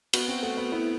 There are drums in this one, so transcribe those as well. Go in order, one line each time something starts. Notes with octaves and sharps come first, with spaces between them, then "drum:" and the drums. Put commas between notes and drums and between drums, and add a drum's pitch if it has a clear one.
B3 F#4, drum: cymbal
C4
A3 F#4
B3
B3 E4